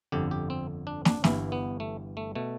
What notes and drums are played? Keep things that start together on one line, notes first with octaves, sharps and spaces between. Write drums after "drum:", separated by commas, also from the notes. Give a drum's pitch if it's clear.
G1 F2 D3 G4
G4
C4
D4
D4, drum: snare
G1 G2 E3 E4, drum: snare
B3
A3
A3
B2 A3